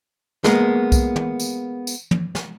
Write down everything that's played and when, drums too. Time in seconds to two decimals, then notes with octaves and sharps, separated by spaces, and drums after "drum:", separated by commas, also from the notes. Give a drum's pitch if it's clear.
0.44 G#3 A#3 B3, drum: snare
0.92 drum: kick B1, tambourine
1.16 drum: tom
1.40 drum: tambourine
1.87 drum: tambourine
2.11 drum: tom
2.35 drum: snare